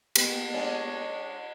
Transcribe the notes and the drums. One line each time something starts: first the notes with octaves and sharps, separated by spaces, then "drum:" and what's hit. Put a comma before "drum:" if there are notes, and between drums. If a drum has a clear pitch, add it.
A#3 B3 G4, drum: cymbal
G#3 C#4 D4